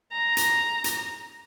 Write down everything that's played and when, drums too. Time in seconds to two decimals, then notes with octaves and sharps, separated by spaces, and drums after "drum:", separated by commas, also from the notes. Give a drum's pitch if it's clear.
0.13 A#5
0.37 drum: hi-hat
0.84 drum: hi-hat